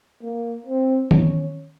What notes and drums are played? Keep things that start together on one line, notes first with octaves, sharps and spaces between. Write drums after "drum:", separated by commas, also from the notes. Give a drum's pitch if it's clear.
A#3
C4
C#4, drum: tom D#3